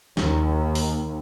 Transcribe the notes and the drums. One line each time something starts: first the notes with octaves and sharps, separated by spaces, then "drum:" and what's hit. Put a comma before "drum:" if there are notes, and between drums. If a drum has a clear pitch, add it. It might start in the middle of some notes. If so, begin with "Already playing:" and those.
D#2, drum: snare
drum: open hi-hat